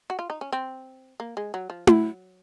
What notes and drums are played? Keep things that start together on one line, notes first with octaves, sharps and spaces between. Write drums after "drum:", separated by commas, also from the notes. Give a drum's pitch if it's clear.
F#4
F4
D#4
C#4
C4
A#3
G#3
F#3
F3
F#3, drum: tom E4